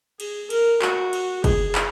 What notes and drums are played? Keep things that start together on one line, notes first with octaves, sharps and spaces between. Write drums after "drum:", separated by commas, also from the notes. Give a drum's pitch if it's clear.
G#4, drum: cymbal
A#4, drum: cymbal
F#4, drum: clap
drum: cymbal
G#4, drum: kick, cymbal
drum: clap